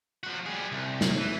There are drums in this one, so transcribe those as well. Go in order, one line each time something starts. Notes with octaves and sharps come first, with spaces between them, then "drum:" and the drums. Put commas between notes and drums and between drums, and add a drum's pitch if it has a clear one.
F3 F#4
G3 G#4
C2
drum: snare
E3